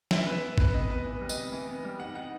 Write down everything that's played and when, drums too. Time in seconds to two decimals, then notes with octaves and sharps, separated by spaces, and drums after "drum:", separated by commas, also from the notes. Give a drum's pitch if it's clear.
0.11 E3 E5, drum: snare
0.27 B3 B4
0.43 B3
0.58 B3 B4, drum: kick G#1
0.74 C3 D#5
0.90 B3 B4
1.05 E3
1.21 G3
1.29 D#5, drum: tambourine
1.37 C3
1.52 E3
1.68 B3
1.85 G3
2.00 D#4 F#5
2.15 D#4 F#5